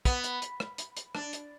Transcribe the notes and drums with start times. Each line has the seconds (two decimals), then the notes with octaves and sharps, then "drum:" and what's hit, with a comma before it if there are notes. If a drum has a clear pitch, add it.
0.05 B3, drum: kick, hi-hat
0.24 drum: hi-hat
0.42 drum: hi-hat
0.60 drum: rim click
0.78 drum: hi-hat
0.97 drum: hi-hat
1.15 D4, drum: rim click
1.33 drum: hi-hat